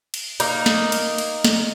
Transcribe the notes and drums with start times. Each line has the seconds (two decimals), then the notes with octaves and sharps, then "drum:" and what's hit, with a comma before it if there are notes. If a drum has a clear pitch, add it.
0.14 drum: cymbal
0.40 A#3 D#4, drum: cymbal
0.66 drum: snare
0.92 drum: cymbal
1.18 drum: cymbal
1.45 drum: snare